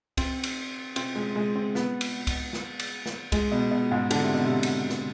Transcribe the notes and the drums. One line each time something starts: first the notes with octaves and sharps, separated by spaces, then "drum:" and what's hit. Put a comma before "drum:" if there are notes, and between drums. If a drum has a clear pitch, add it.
C4, drum: kick C2, cymbal
drum: cymbal
C4, drum: cymbal
G#3
G#3
C4
B3, drum: snare
drum: cymbal
drum: kick C2, cymbal
drum: snare
drum: cymbal
drum: snare
G#3, drum: kick C2, cymbal
B2
B2
G#2
D3, drum: cymbal
C3
B2
C3
drum: cymbal
drum: snare